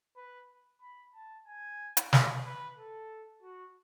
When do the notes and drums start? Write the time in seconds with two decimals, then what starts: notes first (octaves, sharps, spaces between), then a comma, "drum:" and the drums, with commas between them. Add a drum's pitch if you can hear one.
0.17 B4
0.82 B5
1.15 A5
1.47 G#5
1.97 drum: hi-hat
2.13 B4, drum: snare
2.45 B4
2.78 A4
3.43 F#4